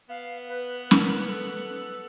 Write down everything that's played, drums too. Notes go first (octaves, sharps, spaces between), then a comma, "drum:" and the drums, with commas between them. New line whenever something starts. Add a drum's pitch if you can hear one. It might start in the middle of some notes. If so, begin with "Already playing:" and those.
B3 F5
B4
B4
A#4, drum: snare C#4
A#4
A4